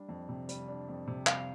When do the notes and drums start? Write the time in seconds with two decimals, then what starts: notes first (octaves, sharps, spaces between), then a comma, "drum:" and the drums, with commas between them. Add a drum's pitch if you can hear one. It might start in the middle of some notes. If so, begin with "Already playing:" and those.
Already playing: G3 D4
0.09 F2
0.29 C3
0.49 G3, drum: hi-hat
0.68 D4
0.88 F2
1.07 C3
1.26 G3 F5, drum: clap